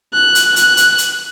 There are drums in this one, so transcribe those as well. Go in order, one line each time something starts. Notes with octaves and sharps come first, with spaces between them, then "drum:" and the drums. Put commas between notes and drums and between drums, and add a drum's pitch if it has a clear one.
F#6
drum: hi-hat
F#6, drum: hi-hat
drum: hi-hat
drum: hi-hat